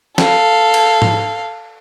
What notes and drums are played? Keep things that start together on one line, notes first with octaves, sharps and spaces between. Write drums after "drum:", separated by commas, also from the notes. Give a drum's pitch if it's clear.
A4 F5, drum: snare
drum: cymbal
drum: tom G#2